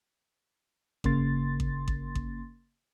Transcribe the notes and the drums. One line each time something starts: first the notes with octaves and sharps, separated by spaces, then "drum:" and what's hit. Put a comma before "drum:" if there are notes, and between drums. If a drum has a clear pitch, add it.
G1 C#3 A#3 C6 A6, drum: kick A1
drum: kick A1
drum: kick A1
drum: kick A1